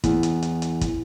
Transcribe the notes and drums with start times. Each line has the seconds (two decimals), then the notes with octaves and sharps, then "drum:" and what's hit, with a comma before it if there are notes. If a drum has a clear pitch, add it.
0.04 E2, drum: kick, hi-hat
0.23 drum: hi-hat
0.42 drum: hi-hat
0.62 drum: hi-hat
0.81 drum: kick, hi-hat